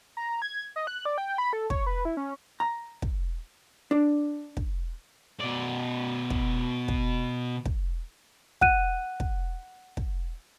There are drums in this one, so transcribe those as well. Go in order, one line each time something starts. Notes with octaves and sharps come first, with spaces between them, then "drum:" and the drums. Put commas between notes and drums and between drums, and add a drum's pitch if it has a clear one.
A#5
G#6
D#5
F#6
D5
G5
B5
A4
C#5, drum: kick
B4
E4
C#4
A#5
drum: kick
D4
drum: kick
B2 D5
drum: kick
drum: kick
drum: kick
F#5 F#6 D#7, drum: kick
drum: kick
drum: kick